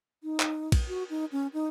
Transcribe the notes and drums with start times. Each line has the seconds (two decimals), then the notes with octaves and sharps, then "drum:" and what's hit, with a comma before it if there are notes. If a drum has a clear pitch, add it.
0.24 D#4
0.40 drum: clap
0.72 drum: kick, cymbal
0.88 F#4
1.10 D#4
1.32 C#4
1.53 D#4